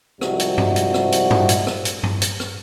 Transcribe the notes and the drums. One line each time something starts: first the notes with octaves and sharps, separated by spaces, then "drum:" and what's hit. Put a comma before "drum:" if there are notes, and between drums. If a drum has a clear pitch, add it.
C2 G#2 C3 F3 G3 F#4, drum: rim click
drum: hi-hat
drum: tom G2
drum: hi-hat
drum: rim click
drum: hi-hat
drum: tom G2
drum: hi-hat
drum: rim click
drum: hi-hat
drum: tom G2
drum: hi-hat
drum: rim click